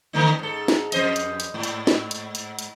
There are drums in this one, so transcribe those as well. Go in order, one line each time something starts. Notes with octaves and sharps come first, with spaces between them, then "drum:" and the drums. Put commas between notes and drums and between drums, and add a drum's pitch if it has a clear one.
D3 A3 D#4
G#2 A4
drum: snare
F2 C5 D#5, drum: hi-hat
drum: hi-hat
drum: hi-hat
G#2
drum: hi-hat
drum: snare
drum: hi-hat
drum: hi-hat
drum: hi-hat